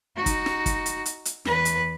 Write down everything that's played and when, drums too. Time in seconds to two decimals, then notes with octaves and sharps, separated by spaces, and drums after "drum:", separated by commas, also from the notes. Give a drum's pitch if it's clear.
0.16 D#4 F#4
0.26 drum: kick, hi-hat
0.46 drum: snare
0.66 drum: kick, hi-hat
0.86 drum: hi-hat
1.06 drum: hi-hat
1.25 drum: hi-hat
1.45 E2 B4, drum: snare
1.65 drum: hi-hat